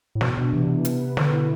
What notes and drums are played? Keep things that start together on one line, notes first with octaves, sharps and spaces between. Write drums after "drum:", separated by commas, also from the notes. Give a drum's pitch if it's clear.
A2
B2 B3, drum: snare
B2 D4
C3 E3
B3
B4, drum: hi-hat
B4
B2 D3, drum: snare
E4